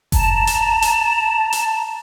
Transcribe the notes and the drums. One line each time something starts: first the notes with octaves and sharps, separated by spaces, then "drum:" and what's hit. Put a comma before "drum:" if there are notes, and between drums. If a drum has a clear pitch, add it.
A5 A#5, drum: kick F#1, open hi-hat
drum: hi-hat
drum: hi-hat
drum: hi-hat